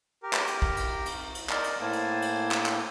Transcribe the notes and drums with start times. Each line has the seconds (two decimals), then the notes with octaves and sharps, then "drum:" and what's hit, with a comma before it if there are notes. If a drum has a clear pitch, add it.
0.23 G4 A#4
0.33 drum: clap
0.48 drum: cymbal
0.62 drum: kick
0.77 drum: cymbal
1.06 drum: cymbal
1.35 drum: cymbal
1.49 D#4 A#4 D5, drum: clap
1.64 drum: cymbal
1.81 A2 A#3 C5 G#5 A5
1.93 drum: cymbal
2.22 drum: cymbal
2.51 drum: clap
2.66 drum: clap